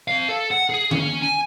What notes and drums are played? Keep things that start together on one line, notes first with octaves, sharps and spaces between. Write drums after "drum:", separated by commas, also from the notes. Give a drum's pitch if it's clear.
C4 F5
A4
F#5
G#4
C#4, drum: tom D3
G#5